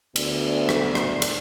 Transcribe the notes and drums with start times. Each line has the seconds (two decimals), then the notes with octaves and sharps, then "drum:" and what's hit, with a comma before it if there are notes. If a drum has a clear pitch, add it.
0.16 D2 B3 D5, drum: cymbal
0.69 drum: rim click
0.95 drum: rim click
1.22 drum: cymbal